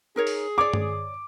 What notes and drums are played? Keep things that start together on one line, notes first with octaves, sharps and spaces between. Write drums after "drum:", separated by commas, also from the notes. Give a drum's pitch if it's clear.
D#4 G#4 A#4 C#5
drum: open hi-hat
C#5 D5 D6
drum: tom G2